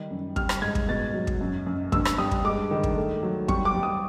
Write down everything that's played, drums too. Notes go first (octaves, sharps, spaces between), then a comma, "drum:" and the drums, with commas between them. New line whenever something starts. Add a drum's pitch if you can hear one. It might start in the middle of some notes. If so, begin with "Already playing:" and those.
Already playing: D#3 G3
F#2
G3 F6, drum: kick
drum: rim click
G#2 G#6
drum: kick
B2 A6
F#3
drum: kick
F#2
F#2
G2 E6, drum: kick
drum: rim click
G3 D#6
drum: kick
G#3 D6
D#3
drum: kick
A3
F#3
G3 C#6, drum: kick
D6
G3
D#6